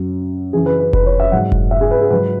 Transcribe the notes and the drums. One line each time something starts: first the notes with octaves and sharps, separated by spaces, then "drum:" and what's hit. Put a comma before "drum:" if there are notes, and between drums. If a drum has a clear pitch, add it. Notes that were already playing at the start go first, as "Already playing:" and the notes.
Already playing: F#2 F#3
F#2 C#3 E3 G#4
B4
B4
B4, drum: kick F1
C#5
E5
G#2 F#3 F#5
drum: kick F1
E5
G#4
B4
G#4
G#2 F#3 B4